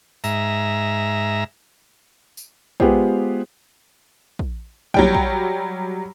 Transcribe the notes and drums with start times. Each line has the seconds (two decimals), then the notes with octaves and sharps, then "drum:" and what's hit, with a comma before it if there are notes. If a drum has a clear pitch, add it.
0.24 G#2 E5 A#5, drum: tambourine
2.37 drum: tambourine
2.80 G#3 B3 F4 G4 G#4 C5, drum: kick
4.39 drum: kick
4.94 F#3 G3 G5, drum: kick
5.15 drum: kick